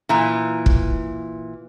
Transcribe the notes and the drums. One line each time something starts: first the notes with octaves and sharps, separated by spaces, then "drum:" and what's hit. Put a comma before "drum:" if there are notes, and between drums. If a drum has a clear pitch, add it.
A#2 E3
drum: kick